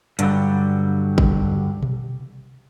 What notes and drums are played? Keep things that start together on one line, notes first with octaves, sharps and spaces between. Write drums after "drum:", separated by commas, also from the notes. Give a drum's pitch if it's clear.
G2 D3 F#3 G3, drum: hi-hat
drum: kick G#1
drum: tom B2